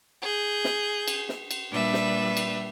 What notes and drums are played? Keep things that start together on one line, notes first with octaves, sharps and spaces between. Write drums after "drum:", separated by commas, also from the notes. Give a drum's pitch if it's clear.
G#4 G6
drum: snare
drum: cymbal
drum: snare
drum: cymbal
A#2 G3 D4 B4 E5
drum: snare
drum: cymbal